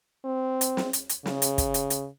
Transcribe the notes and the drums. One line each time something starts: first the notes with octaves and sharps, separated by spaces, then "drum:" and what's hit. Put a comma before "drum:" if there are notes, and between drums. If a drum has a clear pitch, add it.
C4
drum: hi-hat
drum: snare
drum: hi-hat
drum: hi-hat
C#3, drum: snare
drum: hi-hat
drum: kick, hi-hat
drum: hi-hat
drum: hi-hat